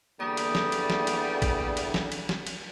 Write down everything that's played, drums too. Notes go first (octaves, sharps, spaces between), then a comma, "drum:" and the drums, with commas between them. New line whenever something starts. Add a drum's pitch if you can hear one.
E2 D3 G3 A#3 D#6
drum: cymbal
drum: snare
drum: cymbal
drum: snare
drum: cymbal
drum: kick, cymbal
drum: cymbal
drum: snare
drum: cymbal
drum: snare
drum: cymbal